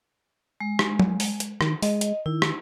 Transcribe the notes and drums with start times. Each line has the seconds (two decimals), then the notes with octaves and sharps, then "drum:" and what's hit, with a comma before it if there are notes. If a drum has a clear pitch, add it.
0.61 G#3
0.79 drum: rim click
1.00 drum: tom F#3
1.20 drum: open hi-hat
1.40 drum: hi-hat
1.61 D#3, drum: rim click
1.82 G#3 D#5, drum: open hi-hat
2.01 drum: hi-hat
2.26 D#3 E4
2.42 drum: rim click